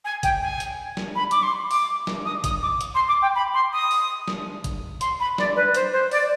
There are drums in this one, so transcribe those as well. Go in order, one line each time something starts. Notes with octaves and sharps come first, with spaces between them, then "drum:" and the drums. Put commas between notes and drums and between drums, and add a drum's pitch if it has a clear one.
G#5
G5, drum: kick, hi-hat
G#5
drum: hi-hat
drum: snare
B5
D6, drum: hi-hat
C6
D6, drum: open hi-hat
drum: snare
D#6
D#6, drum: kick, hi-hat
D6
drum: hi-hat
C6
D6
G5
B5
C6
D#6
drum: open hi-hat
drum: snare
drum: kick, hi-hat
C6, drum: hi-hat
B5
D5, drum: snare
B4
C5, drum: hi-hat
C5
D5, drum: open hi-hat